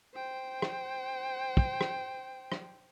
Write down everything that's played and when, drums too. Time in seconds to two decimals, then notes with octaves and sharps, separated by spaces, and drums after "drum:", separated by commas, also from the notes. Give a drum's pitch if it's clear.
0.15 C5 G5
0.62 drum: rim click
1.57 drum: kick
1.81 drum: rim click
2.52 drum: rim click